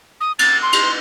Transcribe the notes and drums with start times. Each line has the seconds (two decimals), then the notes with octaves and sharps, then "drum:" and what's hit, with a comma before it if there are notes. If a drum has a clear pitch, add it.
0.21 D#6
0.39 A6, drum: cymbal
0.62 C6
0.73 drum: cymbal